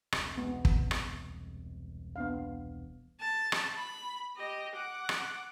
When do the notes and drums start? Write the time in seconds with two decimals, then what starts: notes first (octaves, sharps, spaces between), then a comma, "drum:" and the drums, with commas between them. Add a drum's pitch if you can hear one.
0.12 E1 C2, drum: rim click
0.38 G#3 B3
0.65 drum: kick
0.91 drum: rim click
2.16 B3 D4 F5
3.20 A5
3.52 drum: rim click
3.77 B5
4.37 G4 D#5
4.75 F#5 D6
5.09 drum: rim click